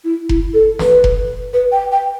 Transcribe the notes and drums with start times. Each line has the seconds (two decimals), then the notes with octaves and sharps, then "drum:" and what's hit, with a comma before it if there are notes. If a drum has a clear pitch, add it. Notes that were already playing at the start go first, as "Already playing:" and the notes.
0.04 E4
0.29 E4, drum: kick F1
0.54 A4
0.79 B4, drum: snare
1.04 drum: kick F1
1.53 B4
1.72 G5
1.92 G5